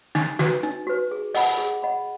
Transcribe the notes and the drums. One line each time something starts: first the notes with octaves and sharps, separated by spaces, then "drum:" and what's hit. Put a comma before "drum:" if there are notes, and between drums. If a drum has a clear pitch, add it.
D#4, drum: snare
F#4 B4, drum: snare
D#4, drum: hi-hat
F#4 B4
G#4
D#5 F#5 B5, drum: open hi-hat
G#4
D#5 F#5 B5